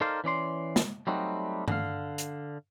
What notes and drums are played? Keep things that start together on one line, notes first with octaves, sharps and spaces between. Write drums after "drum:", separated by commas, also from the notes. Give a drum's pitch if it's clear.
D#4 A4 A#4 C5 D5 F5
E3 C#4 D5 C6
drum: snare
F#3 G3 A3 C4 D#4 F#4
D3 F5, drum: tom G2
drum: hi-hat